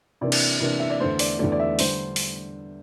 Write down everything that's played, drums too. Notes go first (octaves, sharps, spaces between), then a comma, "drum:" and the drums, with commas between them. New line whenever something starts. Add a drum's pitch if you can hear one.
C3 E3 A#3 D4 D5
drum: cymbal
C3 E3 A#3 D4
E5
D5
E2 D3 A3 C5
D5, drum: open hi-hat
E2 D3 A3 D5
D5
E5
D3 G3 D4 C5, drum: open hi-hat
drum: open hi-hat